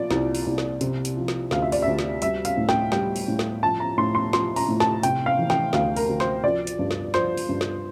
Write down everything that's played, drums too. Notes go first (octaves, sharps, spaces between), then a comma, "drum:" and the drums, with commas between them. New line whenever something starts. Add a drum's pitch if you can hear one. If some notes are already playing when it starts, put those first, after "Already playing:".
Already playing: A#2 F3 D5
C2, drum: snare
drum: open hi-hat
C2
drum: snare
C3, drum: hi-hat
drum: hi-hat
F3
drum: snare
D2 F5, drum: snare
E5
D5, drum: open hi-hat
D2 E5
drum: snare
G3 E5, drum: hi-hat
F5, drum: hi-hat
A2
G5, drum: snare
G3 G5, drum: snare
drum: open hi-hat
A2
drum: snare
F3 A5
A#5
A2 C6
C6
F3 C6, drum: snare
A#5, drum: open hi-hat
A2
A5, drum: snare
C3 G5, drum: hi-hat
F5
E3
G5, drum: snare
D2 F5, drum: snare
A#4, drum: open hi-hat
D2
C5, drum: snare
F3 D5
drum: hi-hat
G2
drum: snare
F3 C5, drum: snare
drum: open hi-hat
G2
drum: snare